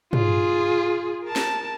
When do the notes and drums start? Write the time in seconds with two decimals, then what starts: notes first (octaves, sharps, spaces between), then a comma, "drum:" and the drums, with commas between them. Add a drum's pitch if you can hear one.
0.13 F4 G#4, drum: tom
1.24 A#4 A5
1.36 drum: snare